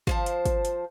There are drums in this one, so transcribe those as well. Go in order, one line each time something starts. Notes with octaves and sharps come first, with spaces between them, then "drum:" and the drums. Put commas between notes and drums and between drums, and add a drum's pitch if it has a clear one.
F3 C5 A5, drum: kick
drum: hi-hat
drum: kick, hi-hat
drum: hi-hat